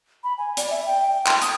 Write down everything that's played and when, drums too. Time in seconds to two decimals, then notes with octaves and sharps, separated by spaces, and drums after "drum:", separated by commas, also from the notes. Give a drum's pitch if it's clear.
0.24 B5
0.38 G#5
0.57 D5, drum: hi-hat
0.70 E5
0.86 G5
1.11 G5
1.27 C6, drum: clap
1.42 D#6, drum: hi-hat